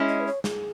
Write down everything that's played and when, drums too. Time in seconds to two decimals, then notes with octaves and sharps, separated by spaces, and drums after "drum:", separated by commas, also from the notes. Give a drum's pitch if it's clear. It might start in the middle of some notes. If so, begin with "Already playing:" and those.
Already playing: G#3 C#4 E4
0.08 D#5
0.20 B4
0.27 C#5
0.44 G#4, drum: snare